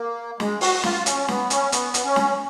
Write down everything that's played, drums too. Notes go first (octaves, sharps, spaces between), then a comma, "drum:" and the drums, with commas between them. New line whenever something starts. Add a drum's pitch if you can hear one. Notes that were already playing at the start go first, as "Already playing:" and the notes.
Already playing: A#3
G#3, drum: snare
F#4, drum: open hi-hat
F4, drum: snare
C#4, drum: hi-hat
B3, drum: snare
C#4, drum: hi-hat
B3, drum: hi-hat
drum: hi-hat
C#4
drum: snare